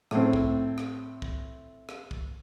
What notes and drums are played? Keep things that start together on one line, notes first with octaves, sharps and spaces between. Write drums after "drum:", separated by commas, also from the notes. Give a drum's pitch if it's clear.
A2 C4, drum: rim click
drum: kick
drum: rim click
drum: kick
drum: rim click
drum: kick